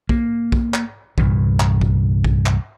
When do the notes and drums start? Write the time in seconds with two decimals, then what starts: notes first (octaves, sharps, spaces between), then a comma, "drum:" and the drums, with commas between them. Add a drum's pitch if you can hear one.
0.09 A#3, drum: kick
0.52 drum: kick
0.74 drum: clap
1.18 C2 G2 A#2 E3, drum: kick
1.60 drum: clap
1.81 drum: kick
2.24 drum: kick
2.46 drum: clap